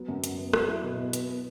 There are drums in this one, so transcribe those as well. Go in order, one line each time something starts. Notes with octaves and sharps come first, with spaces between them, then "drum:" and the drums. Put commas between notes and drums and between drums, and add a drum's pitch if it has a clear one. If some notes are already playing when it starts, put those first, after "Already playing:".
Already playing: F#3 B3
F#2
F#2, drum: hi-hat
B3
F#3, drum: rim click
E4
B2
B2
B3, drum: hi-hat
B3